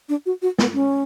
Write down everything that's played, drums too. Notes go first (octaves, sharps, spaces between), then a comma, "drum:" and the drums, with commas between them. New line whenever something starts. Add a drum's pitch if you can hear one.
D4
F#4
F#4
B3, drum: snare
C#4